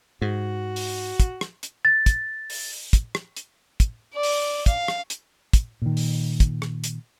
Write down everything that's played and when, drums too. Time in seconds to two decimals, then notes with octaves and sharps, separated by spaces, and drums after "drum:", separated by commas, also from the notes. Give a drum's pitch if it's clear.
0.22 G#2 F#4
0.76 drum: open hi-hat
1.20 drum: kick, hi-hat
1.41 drum: rim click
1.63 drum: hi-hat
1.85 A6
2.06 drum: kick, hi-hat
2.50 drum: open hi-hat
2.93 drum: kick, hi-hat
3.15 drum: rim click
3.36 drum: hi-hat
3.80 drum: kick, hi-hat
4.14 D5
4.23 drum: open hi-hat
4.66 F5, drum: kick, hi-hat
4.88 drum: rim click
5.10 drum: hi-hat
5.53 drum: kick, hi-hat
5.82 A#2 D#3
5.97 drum: open hi-hat
6.40 drum: kick, hi-hat
6.62 drum: rim click
6.84 drum: hi-hat